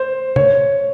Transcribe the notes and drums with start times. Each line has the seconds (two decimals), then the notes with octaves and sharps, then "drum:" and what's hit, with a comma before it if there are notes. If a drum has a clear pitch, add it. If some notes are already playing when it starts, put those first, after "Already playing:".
Already playing: C5
0.36 C#5, drum: tom